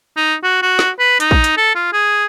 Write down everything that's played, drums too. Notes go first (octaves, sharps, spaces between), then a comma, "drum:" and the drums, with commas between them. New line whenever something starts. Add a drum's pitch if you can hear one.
D#4
F#4
F#4
drum: snare
B4
D#4, drum: hi-hat
drum: kick
drum: hi-hat
A4
F4
G#4